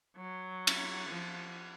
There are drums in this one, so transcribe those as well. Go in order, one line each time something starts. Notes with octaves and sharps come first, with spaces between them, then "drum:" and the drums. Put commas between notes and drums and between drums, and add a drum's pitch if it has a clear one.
F#3
drum: cymbal
F3